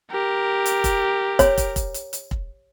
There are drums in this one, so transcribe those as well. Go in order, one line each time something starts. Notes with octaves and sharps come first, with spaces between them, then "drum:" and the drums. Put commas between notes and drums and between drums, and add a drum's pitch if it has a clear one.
G4 A#4
drum: hi-hat
drum: kick, hi-hat
C#5, drum: kick, hi-hat
drum: kick, hi-hat
drum: kick, hi-hat
drum: hi-hat
drum: hi-hat
drum: kick